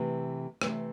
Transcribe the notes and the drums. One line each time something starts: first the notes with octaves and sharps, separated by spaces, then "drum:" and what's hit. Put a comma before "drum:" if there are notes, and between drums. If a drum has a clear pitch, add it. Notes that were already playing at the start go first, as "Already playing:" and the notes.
Already playing: C3 E3 A3
C3 E3 A3, drum: rim click